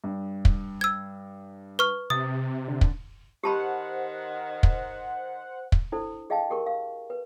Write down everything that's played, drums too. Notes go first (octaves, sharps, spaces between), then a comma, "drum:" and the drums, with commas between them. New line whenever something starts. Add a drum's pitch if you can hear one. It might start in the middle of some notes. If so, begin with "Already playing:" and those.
G2
drum: kick
E6 G#6
B4 C#6 F6
C3 D#6 A6
D3
drum: kick
D#3 G4 C5 F#5 A5 B5
drum: kick
drum: kick
D4 E4 A4 C5
G#4 D#5 F5 G5 A5
G4 G#4 A#4 C#6
F5
B4